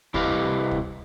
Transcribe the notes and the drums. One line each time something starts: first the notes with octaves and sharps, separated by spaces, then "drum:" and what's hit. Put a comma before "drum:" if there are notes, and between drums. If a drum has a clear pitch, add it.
C2 E4 G4 B4 D#5 F5, drum: kick
drum: kick